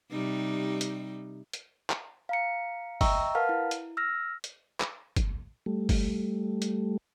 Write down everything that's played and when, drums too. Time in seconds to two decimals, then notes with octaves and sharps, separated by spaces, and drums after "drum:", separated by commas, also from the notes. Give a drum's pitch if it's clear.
0.12 C3 G3 D#4
0.81 drum: hi-hat
1.53 drum: hi-hat
1.90 drum: clap
2.29 F5 A#5 C#7
3.01 D#5 E5 G5 A#5 C#6 E6, drum: kick G1, open hi-hat
3.35 A#4 B4 F5 F#5 A5 F6
3.49 E4
3.71 drum: hi-hat
3.97 E6 F6 A#6
4.44 drum: hi-hat
4.80 drum: clap
5.16 drum: kick G1, hi-hat
5.66 G3 A3
5.89 drum: kick G1, open hi-hat
6.62 drum: hi-hat